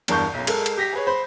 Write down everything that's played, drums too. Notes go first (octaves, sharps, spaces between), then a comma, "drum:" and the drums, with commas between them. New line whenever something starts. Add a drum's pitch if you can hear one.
E2 G2 A#4 A5 C#6 G6, drum: cymbal
B1 F#2
G#3 A4 A#4, drum: cymbal
drum: cymbal
G4 A#6 B6
G#4 B4 C#5
C5 B5 C6